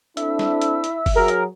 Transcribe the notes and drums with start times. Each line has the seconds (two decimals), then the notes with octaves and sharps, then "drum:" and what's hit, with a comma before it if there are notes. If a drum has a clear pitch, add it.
0.17 C4 D4 E4 A4 E5, drum: hi-hat
0.39 drum: snare
0.62 drum: hi-hat
0.84 drum: hi-hat
1.06 drum: kick F#1, open hi-hat
1.15 F#3 G#4 A#4
1.28 drum: hi-hat